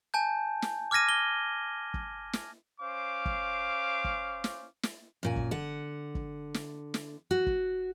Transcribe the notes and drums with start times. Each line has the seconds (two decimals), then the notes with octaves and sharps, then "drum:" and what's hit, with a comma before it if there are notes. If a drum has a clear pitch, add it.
0.14 G#5 A5 G6
0.62 drum: snare
0.91 D6 F6 G#6 A#6 D#7
1.09 G7
1.94 drum: kick
2.33 drum: snare
2.80 C#4 C5 F5 D6
3.25 drum: kick
4.04 drum: kick
4.44 drum: snare
4.83 drum: snare
5.23 F#2 A#2 G#5
5.36 drum: kick
5.51 D3 F#5
6.15 drum: kick
6.54 drum: snare
6.94 drum: snare
7.31 F#4
7.47 drum: kick